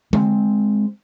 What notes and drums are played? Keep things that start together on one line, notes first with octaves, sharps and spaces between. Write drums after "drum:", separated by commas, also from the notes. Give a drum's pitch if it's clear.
G#3 C4, drum: tom D3